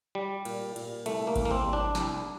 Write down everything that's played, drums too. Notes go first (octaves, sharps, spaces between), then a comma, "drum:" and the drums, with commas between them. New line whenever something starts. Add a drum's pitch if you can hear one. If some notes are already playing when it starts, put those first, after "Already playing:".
G3
A#2, drum: cymbal
A#2, drum: cymbal
C2 A3, drum: cymbal
A#3
C2, drum: kick G#1, cymbal
A#3
C4
G3
D4
C2, drum: snare